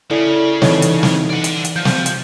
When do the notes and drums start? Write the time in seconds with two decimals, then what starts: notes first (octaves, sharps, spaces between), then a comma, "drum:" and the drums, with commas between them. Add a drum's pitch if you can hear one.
0.11 C#3 E4 A4 D5
0.62 E3 D#4 A4 C#5 D#5, drum: snare
0.82 drum: hi-hat
1.03 drum: snare
1.30 D5 F#5
1.44 drum: hi-hat
1.65 drum: hi-hat
1.76 F3 G6
1.85 drum: snare
2.06 drum: hi-hat